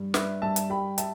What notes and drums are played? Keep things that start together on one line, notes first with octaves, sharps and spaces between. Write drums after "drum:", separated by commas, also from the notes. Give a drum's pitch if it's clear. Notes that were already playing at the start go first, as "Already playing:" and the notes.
Already playing: G2
D4 B4 E5, drum: snare
G2 E5 A5
drum: hi-hat
G3 G5 B5
E5 A5, drum: hi-hat